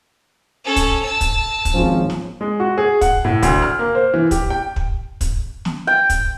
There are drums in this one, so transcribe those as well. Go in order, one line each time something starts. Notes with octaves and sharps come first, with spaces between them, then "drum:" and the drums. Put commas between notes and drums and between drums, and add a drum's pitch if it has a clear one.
C#4 A4
drum: kick, hi-hat
A5 E6
drum: kick, hi-hat
drum: kick, hi-hat
G#1 F3 C#4
drum: snare
G#3
F#4
G#4
F#5, drum: kick, hi-hat
A2
D2, drum: kick, hi-hat
F6
A#3
C5
E3
G4, drum: kick, hi-hat
G5
drum: kick
drum: kick, hi-hat
drum: snare
G5
drum: kick, hi-hat